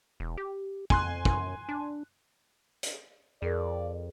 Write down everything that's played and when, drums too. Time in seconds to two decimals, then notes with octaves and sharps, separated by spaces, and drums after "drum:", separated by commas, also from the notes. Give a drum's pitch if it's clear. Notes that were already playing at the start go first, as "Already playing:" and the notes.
0.20 E1
0.37 G4
0.90 F2 G#5 C6 F#6, drum: kick
1.25 F#2, drum: kick
1.69 D4
2.83 drum: hi-hat
3.42 F2 G#4 A#4 D5